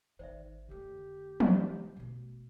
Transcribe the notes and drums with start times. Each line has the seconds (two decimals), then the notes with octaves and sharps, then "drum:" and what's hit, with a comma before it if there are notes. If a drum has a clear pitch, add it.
0.19 G#1 D#3 C5 D5 E5
0.69 F1 D3 A3 G4
1.40 drum: tom
1.96 F#1 B2 A3